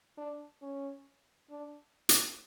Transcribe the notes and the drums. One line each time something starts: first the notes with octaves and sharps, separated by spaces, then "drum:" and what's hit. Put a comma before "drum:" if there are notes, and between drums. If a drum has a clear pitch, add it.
D4
C#4
D4
drum: hi-hat